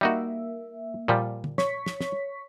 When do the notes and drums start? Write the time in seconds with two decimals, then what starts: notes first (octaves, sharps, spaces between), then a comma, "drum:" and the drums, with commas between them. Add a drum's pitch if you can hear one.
0.01 G3 A#3 D#4 F#4 E5
1.08 A#2 F3 G3
1.44 drum: tom
1.58 C#5 C#6 B6, drum: snare
1.86 drum: snare
2.01 drum: snare